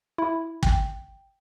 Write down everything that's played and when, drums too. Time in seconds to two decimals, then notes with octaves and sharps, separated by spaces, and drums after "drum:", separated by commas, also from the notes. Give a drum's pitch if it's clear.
0.18 E4
0.63 G5, drum: kick